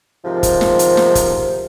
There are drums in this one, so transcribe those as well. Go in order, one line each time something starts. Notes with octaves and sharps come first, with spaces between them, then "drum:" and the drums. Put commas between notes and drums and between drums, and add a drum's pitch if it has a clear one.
G#2 C3 D#3 F3
drum: kick, hi-hat
drum: snare
drum: hi-hat
drum: snare
drum: kick, hi-hat